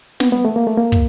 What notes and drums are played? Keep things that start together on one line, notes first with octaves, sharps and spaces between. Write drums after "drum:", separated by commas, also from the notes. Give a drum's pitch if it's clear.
B3, drum: snare
B3
A3
A#3
A3
A#3
drum: kick